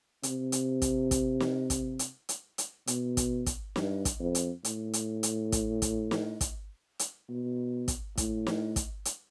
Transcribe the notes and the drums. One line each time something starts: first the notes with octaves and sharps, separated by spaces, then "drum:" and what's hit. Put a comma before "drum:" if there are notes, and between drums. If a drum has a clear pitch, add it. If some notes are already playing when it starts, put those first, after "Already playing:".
C3, drum: hi-hat
drum: hi-hat
drum: kick, hi-hat
drum: kick, hi-hat
drum: snare
drum: kick, hi-hat
drum: hi-hat
drum: hi-hat
drum: hi-hat
B2, drum: hi-hat
drum: kick, hi-hat
drum: kick, hi-hat
G2, drum: snare
drum: kick, hi-hat
F2
drum: hi-hat
A2, drum: hi-hat
drum: hi-hat
drum: hi-hat
drum: kick, hi-hat
drum: kick, hi-hat
drum: snare
drum: kick, hi-hat
drum: hi-hat
B2
drum: kick, hi-hat
A2, drum: kick, hi-hat
drum: snare
drum: kick, hi-hat
drum: hi-hat